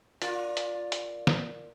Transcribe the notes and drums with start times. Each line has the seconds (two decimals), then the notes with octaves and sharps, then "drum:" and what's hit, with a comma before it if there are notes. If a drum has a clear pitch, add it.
0.22 F4 A#4 D5, drum: hi-hat
0.57 drum: hi-hat
0.92 drum: hi-hat
1.27 drum: snare